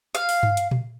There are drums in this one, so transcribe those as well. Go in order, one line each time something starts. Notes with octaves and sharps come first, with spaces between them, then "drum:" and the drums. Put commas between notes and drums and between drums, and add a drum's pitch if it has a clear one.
F5, drum: hi-hat
drum: open hi-hat
drum: tom G2
drum: hi-hat
drum: tom A#2